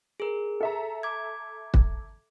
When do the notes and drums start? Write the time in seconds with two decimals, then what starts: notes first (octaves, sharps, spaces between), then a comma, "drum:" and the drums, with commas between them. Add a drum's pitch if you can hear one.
0.20 G#4 A#4
0.61 A4 E5 A#5
1.03 D6 G#6
1.74 drum: kick